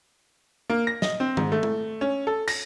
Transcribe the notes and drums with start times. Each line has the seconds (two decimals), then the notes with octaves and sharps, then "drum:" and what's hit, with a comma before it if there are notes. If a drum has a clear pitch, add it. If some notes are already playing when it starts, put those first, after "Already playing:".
0.70 A#3
0.87 A#6
1.02 D#5, drum: snare
1.20 C4
1.37 G#2, drum: tom D#3
1.52 A3
1.63 drum: tom G#3
2.01 C#4
2.27 A4
2.48 A#6, drum: cymbal